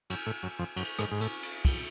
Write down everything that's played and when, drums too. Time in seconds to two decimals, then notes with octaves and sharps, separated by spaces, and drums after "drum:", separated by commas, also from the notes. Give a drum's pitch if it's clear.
0.10 F#2, drum: cymbal
0.26 A2
0.43 F#2
0.59 F2
0.76 F#2, drum: cymbal
0.99 G#2, drum: rim click
1.11 G#2
1.21 A2, drum: cymbal
1.43 drum: cymbal
1.65 drum: kick, cymbal